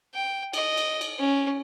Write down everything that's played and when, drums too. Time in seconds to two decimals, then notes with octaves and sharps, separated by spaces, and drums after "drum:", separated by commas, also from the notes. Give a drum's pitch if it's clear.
0.14 G5
0.53 D#5, drum: cymbal
0.77 drum: cymbal
1.01 drum: cymbal
1.19 C#4